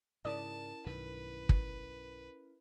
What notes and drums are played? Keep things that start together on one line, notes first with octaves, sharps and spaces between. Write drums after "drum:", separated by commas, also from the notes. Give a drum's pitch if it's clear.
G#2 C#3 C#4 E4 A#4 D5 A5 D#6
B1 G2 D#3 B4
drum: kick